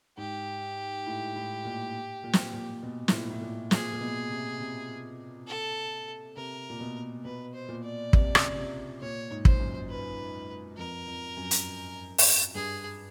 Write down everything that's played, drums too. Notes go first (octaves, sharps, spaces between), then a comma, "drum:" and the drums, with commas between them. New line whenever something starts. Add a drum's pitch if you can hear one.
G#2 G4
A2
A2
A#2
A#2
drum: snare
A#2
B2
A2, drum: snare
A#2
A2
A#2
A#2 G#4, drum: snare
A#2
B2
C3
C3
A4
C3 A#4
A#2
B2
B2 B4
C5
A#2
D5
C3, drum: kick
C#3, drum: rim click
C3
A#2 C#5
G#2
C5, drum: kick
F#2
B4
F2 A#4
F2
F#2
drum: hi-hat
drum: open hi-hat
G2 G#4